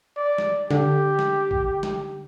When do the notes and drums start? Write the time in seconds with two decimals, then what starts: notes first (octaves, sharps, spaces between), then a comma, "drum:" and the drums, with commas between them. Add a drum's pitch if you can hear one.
0.17 D5
0.38 drum: snare G3
0.71 D3 G4, drum: snare G3
1.19 drum: snare G3
1.51 drum: kick
1.83 drum: snare G3